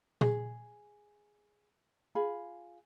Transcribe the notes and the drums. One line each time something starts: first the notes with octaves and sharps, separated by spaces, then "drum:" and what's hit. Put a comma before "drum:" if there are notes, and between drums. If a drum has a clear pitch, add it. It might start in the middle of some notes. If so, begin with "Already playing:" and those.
G#4, drum: tom
F4 G#4 B5